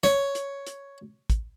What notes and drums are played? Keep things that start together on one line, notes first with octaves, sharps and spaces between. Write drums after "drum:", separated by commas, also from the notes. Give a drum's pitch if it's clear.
C#5, drum: snare
drum: hi-hat
drum: hi-hat
drum: kick, hi-hat